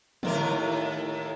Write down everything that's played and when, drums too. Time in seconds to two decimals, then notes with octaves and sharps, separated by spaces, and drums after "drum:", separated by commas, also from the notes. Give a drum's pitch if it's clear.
0.23 D#2 A2 A#4, drum: tom D3